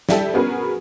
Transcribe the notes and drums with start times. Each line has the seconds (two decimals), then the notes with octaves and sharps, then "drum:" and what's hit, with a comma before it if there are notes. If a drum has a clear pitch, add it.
0.09 G3 E4 G4 A4, drum: snare
0.34 B3 C#4 F#4 G#4 A#4 B4